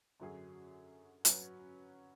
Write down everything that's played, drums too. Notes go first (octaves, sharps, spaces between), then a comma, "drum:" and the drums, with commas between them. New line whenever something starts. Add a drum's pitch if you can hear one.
F#2 D3 F#3 C#4 G#4
F#3 C#4 F#4 B4, drum: hi-hat